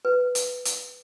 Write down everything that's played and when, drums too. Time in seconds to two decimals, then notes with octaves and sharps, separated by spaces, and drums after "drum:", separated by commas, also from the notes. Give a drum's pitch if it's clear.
0.05 B4
0.35 drum: hi-hat
0.65 drum: hi-hat